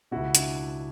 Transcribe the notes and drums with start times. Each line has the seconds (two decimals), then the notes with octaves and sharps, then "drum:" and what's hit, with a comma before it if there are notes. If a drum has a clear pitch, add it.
0.11 C#2 B2 E4 F#4
0.35 D4 E4, drum: hi-hat